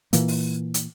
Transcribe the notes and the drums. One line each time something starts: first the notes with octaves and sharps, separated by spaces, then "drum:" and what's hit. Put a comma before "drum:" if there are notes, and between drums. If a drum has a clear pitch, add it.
A#2 E3 A#3, drum: hi-hat
drum: open hi-hat
drum: hi-hat